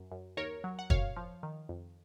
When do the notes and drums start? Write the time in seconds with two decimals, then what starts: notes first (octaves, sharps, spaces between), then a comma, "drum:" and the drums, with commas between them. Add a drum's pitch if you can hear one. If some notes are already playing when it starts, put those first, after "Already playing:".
Already playing: F#2
0.12 F#2
0.37 D#2 A#4 C#5
0.64 F#3
0.79 F#5
0.90 F#2 C#5 F5, drum: kick
1.16 F3
1.43 D#3
1.69 F2